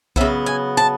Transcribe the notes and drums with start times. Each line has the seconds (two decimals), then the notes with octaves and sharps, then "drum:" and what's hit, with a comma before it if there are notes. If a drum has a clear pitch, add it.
0.16 C#3 F#3 B3 E5, drum: kick B1
0.46 G#5
0.77 A5